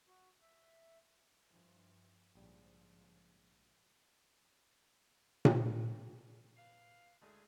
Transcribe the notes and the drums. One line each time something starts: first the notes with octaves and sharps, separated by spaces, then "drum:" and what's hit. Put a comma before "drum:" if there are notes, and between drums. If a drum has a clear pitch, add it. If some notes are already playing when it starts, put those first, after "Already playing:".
F#4
E5
G2 E3 F3
A#1 G#2 C#3 F3 G3
drum: tom A#2
B4 F5
D2 G#3 A3 D#4 E4 G#4